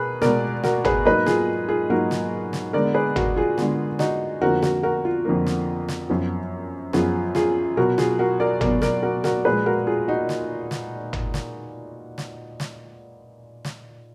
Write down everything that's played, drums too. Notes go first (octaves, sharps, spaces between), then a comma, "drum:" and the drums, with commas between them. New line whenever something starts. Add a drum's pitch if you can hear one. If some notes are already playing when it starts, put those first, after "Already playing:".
Already playing: B2 G#4 A#4 B4
B2 G#3 B3 A#4 D5, drum: snare
F#4 A#4, drum: snare
G#4 B4, drum: tom
G#2 F#3 A#3 B4 D#5
F4 G#4, drum: snare
F4 G#4
G#2 F#3 A#3 F#4 A#4
drum: snare
drum: snare
D3 G#3 B3 A#4 D5
G#4 B4
F#4 A#4, drum: tom
F4 G#4
D3 G#3 B3, drum: snare
D#4 F#4, drum: snare
F2 D3 F3 A#3 F#4 A#4
F#4 A#4, drum: snare
F#4 A#4
F4
F2 D3 F3 A#3
drum: snare
drum: snare
F#2 F3 B3
F#2 F3 B3 F4 G#4, drum: snare
F4 G#4, drum: snare
B2 F#3 B3 F#4 A#4
F4 G#4, drum: snare
F#4 A#4
A#4 D5
B2 F#3 B3 A#4 D5, drum: tom
A#4 D5, drum: snare
F#4 A#4
F#4 A#4, drum: snare
A#2 F3 G#3 G#4 B4
F#4 A#4
F4 G#4
D#4 F#4
drum: snare
drum: snare
drum: tom
drum: snare
drum: snare
drum: snare
drum: snare